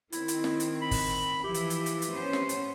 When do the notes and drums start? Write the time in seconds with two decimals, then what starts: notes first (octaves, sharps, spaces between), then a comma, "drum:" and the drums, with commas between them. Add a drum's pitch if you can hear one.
0.12 D#3 C4 E4, drum: hi-hat
0.28 drum: hi-hat
0.44 drum: snare
0.60 drum: hi-hat
0.82 B5
0.91 drum: kick, open hi-hat
1.43 E3 F3 E4 G4
1.54 drum: hi-hat
1.70 drum: hi-hat
1.86 drum: hi-hat
2.02 drum: hi-hat
2.13 B3 C#4 C5
2.33 drum: snare
2.49 drum: hi-hat